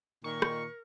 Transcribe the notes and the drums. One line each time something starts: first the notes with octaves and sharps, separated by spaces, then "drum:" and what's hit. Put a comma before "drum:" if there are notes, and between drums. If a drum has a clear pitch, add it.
A#2 D#3 A#4 C#6
drum: rim click